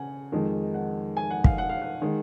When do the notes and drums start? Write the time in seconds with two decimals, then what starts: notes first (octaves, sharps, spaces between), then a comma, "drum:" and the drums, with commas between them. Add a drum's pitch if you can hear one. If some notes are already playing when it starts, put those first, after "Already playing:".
Already playing: C#3 F#5 G#5
0.32 F2 D#3 G#3 D#4
0.74 F#5
1.17 G#5
1.30 F#5
1.44 F5, drum: kick
1.58 F#5
1.69 F5
1.82 F#5
2.02 D#3 G#3